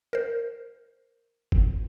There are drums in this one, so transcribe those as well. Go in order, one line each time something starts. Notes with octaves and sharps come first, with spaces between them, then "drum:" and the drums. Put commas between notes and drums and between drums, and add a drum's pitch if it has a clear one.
A#4 C5
drum: kick F#1